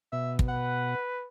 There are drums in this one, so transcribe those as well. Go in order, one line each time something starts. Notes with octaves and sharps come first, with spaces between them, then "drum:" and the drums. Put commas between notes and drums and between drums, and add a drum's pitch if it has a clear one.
B2 E5
drum: kick
B4 F#5